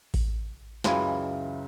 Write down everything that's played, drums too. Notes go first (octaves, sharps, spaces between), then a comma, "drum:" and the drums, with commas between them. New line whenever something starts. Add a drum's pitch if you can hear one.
drum: kick A1, open hi-hat
C#2 F#2 C#3 E3 G#3, drum: snare